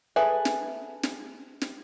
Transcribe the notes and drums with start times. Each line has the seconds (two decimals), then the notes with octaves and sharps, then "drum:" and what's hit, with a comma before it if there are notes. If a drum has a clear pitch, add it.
0.16 G#4 A4 B4 E5 G#5
0.45 drum: snare
1.03 drum: snare
1.61 drum: snare